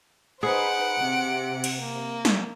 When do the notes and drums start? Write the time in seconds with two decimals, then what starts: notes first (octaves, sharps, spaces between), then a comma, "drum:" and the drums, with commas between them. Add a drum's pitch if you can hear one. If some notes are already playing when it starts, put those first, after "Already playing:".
0.43 D#4 G#4 B4 C5 F#5 D7
1.00 C3
1.64 drum: cymbal
1.79 A#3
2.25 drum: snare